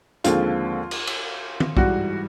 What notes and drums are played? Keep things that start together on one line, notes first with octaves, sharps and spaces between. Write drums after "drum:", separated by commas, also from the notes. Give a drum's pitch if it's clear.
D#2 D3 F3 G#3 C4 F4, drum: hi-hat
drum: cymbal
drum: cymbal
drum: tom
G#2 E3 G3 F#4, drum: kick B1